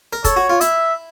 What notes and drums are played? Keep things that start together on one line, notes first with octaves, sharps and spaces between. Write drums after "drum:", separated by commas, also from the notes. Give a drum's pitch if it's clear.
A#4
A4 C#5, drum: kick, hi-hat
F#4
F4
E4 E5, drum: hi-hat